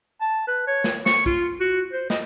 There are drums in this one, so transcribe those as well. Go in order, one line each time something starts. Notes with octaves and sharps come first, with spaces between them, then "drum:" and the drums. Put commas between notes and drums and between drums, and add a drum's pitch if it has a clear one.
A5
B4
C#5
drum: snare
C#6, drum: snare
F4, drum: kick
F#4
C5
D#5, drum: snare